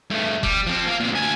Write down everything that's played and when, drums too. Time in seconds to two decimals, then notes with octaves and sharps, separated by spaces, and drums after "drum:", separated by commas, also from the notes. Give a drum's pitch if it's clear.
0.10 G2 A3
0.43 G3, drum: kick F1
0.67 F3 C4
0.87 A#3 F5
1.00 A#2 C4
1.11 D2 G#5